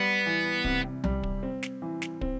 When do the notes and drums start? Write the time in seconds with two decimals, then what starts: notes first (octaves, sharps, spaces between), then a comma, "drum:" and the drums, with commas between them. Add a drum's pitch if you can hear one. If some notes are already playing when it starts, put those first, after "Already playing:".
Already playing: G3 B3
0.26 E3
0.64 C3, drum: kick
1.04 G3, drum: tom B1
1.23 drum: kick
1.43 C4
1.63 drum: snare
1.82 E3
2.02 drum: snare
2.21 C4, drum: kick